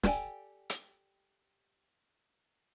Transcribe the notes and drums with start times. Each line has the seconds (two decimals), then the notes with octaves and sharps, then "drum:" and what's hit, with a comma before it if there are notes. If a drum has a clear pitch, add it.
0.03 G4 A4 D5 G5 G#5, drum: snare
0.70 drum: hi-hat